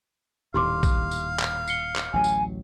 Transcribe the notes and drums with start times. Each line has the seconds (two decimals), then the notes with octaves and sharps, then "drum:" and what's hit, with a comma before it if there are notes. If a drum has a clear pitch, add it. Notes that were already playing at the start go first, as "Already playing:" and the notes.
0.54 D#1 D#2 A2 G4 F5 C6 D6
0.83 drum: kick A#1, tambourine
1.11 drum: tambourine
1.39 drum: clap
1.68 C7 C#7 G7, drum: tambourine
1.96 drum: clap
2.13 A1 D2 F#3 G#5
2.24 drum: tambourine